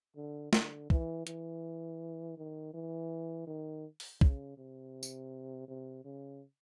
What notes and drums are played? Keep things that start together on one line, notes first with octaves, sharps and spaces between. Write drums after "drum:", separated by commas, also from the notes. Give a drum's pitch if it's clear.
D3
D3, drum: snare
E3, drum: kick
E3, drum: hi-hat
D#3
E3
D#3
drum: open hi-hat
C#3, drum: kick
C3
drum: tambourine
C3
C#3